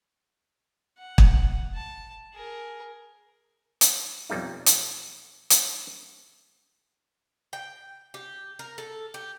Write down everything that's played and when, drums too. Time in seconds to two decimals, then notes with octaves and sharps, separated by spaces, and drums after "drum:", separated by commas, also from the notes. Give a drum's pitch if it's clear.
0.98 F#5
1.18 drum: kick
1.75 A5
2.33 G#4 A#4
3.81 drum: hi-hat
4.30 B1 F2 G3 A3 D#4
4.66 drum: hi-hat
5.50 drum: hi-hat
7.53 G5
8.14 G4
8.59 A#4
8.78 A4
9.14 G4